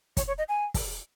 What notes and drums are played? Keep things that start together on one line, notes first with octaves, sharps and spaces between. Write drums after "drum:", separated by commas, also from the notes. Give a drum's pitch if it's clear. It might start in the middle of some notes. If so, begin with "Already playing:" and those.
C#5, drum: kick, hi-hat
C#5
D#5
G#5
drum: kick, open hi-hat